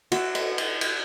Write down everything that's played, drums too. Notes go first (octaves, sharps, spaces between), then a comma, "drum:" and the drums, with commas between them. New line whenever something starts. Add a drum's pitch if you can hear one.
F#4 E5, drum: cymbal
drum: cymbal
drum: cymbal
drum: cymbal